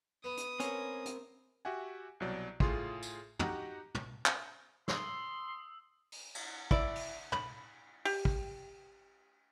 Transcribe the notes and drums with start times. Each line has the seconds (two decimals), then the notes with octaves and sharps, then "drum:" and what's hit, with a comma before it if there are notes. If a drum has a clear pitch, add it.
0.24 B3 D#6
0.37 drum: hi-hat
0.60 C4 C#4 A#4, drum: hi-hat
1.05 drum: hi-hat
1.65 F#4 G4 E5 F#5 G#5
2.20 C2 B2 F#3 D5
2.60 A2 F4 G#4 C6, drum: kick
3.03 drum: tambourine
3.39 D#4 F#4 G4 F#5 A#5, drum: tom
3.95 drum: tom
4.26 drum: clap
4.88 C6 D#6 E6, drum: snare
6.12 drum: open hi-hat
6.35 drum: cymbal
6.71 E4 D5, drum: kick
6.95 drum: open hi-hat
7.32 B5, drum: tom
8.05 G4, drum: open hi-hat
8.25 drum: kick